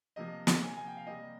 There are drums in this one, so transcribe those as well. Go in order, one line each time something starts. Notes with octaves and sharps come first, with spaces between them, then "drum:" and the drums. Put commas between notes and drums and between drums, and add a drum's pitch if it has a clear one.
C3 F3 A#3 D#5
drum: snare
G#5
G#5
G5
F5
C3 G3 A#3 D#5